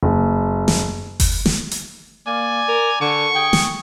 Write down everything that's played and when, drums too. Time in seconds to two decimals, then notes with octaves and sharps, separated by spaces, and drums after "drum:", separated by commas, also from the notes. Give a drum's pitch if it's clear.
0.03 F#1
0.68 drum: snare
1.20 drum: kick F#1, open hi-hat
1.46 drum: snare
1.71 drum: hi-hat
2.27 A#3 D5 G#5
2.68 A#4
3.01 D3 C#6
3.35 G#4 G5
3.53 drum: snare